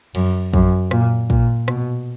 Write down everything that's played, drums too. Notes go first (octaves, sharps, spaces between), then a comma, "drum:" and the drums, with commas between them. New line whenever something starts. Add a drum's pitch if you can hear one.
F#2, drum: cymbal
F#2, drum: kick
A#2, drum: rim click
A#2, drum: kick
B2, drum: rim click